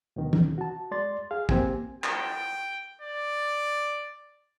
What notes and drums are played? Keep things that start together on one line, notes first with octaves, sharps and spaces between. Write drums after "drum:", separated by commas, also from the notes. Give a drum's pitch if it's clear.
D2 B2 D#3
drum: tom
F#4 A5
G#3 D5 C6 A6
G#4 F5
A#3 C4 G4 G#5, drum: kick
G5, drum: clap
D5